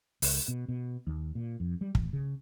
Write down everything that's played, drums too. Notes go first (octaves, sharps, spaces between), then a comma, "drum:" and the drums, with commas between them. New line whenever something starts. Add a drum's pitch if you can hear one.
C#2, drum: open hi-hat
B2
B2
D#2
A#2
F2
G3
A1, drum: kick
C#3